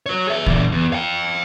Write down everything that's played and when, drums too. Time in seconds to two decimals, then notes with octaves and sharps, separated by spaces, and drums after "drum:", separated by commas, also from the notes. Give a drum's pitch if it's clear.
0.06 F#4 C#5
0.27 G#4 E5
0.46 A#2 E3, drum: kick
0.72 E2
0.93 F5 G5